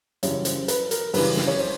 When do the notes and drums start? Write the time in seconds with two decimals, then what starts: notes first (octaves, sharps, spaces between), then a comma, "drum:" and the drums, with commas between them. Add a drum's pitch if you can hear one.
0.23 F#2 C#3 E3 G3 C#5, drum: hi-hat
0.45 C5, drum: hi-hat
0.68 B4, drum: hi-hat
0.91 A#4, drum: hi-hat
1.14 F#2 C#3 E3 G3 B4, drum: open hi-hat
1.37 drum: snare
1.47 C#5
1.60 C5